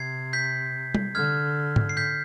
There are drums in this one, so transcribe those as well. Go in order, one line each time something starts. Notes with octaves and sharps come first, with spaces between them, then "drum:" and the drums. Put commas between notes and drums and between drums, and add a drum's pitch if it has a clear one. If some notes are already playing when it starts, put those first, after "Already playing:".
Already playing: C3 G#6 C7
G6 B6
drum: tom G3
D3 F6 G#6
drum: tom G#2
C7
G6 B6